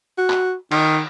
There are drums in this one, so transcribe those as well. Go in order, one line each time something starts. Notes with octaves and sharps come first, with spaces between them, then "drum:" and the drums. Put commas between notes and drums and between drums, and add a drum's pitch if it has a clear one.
F#4
drum: clap
D#3, drum: cymbal